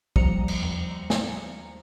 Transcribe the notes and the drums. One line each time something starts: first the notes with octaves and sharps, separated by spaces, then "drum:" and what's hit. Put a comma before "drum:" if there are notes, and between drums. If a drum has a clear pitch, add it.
D#2 F3 G3 A#5 C#7, drum: kick
drum: cymbal
drum: tom E2
drum: snare